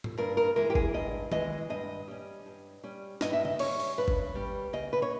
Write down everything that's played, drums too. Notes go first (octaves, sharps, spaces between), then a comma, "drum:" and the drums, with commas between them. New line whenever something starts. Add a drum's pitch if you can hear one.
drum: tom A2
G2 A#4
A#4
E3 G#3 A#4
G4
G#4, drum: kick G1
G2 D#5
E3 G#3 D#5, drum: tom D#3
G2 D#5
G3 C#4
G2
G3 C#4
G2 D#5, drum: snare
E5
D#5, drum: tom C#3
G3 C#4 C#5, drum: cymbal
drum: open hi-hat
G2 B4
drum: kick G1
G3 C#4
C#3 D#5
B4
C#5